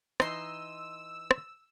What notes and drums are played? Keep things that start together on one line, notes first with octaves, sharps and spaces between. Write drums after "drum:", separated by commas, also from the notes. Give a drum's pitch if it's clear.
E3 D#4 D#5 A#5 C6 E6, drum: rim click
drum: rim click